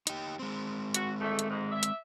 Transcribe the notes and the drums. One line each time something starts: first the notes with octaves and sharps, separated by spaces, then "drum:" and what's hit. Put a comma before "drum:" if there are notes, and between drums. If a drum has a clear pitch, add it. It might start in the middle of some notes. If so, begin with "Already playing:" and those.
D#4 G4, drum: hi-hat
G#3 C4
F#4, drum: hi-hat
E2 D#3 A3
drum: hi-hat
F2 G#2
D5 E5
drum: hi-hat